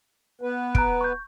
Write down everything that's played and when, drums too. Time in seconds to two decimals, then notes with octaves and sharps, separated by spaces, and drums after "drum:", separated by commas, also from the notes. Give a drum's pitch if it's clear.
0.41 B3 B4
0.75 A#5 F#6 D7, drum: kick
1.01 C#6 G6